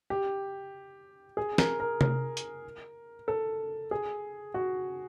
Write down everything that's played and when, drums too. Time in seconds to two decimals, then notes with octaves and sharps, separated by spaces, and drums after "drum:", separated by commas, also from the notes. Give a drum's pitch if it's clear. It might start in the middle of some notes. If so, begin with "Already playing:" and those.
0.10 G4
1.37 G#4
1.58 A#4, drum: snare
1.80 A#4
2.01 A#4, drum: tom C3
2.37 drum: hi-hat
3.28 A4
3.91 G#4
4.54 F#4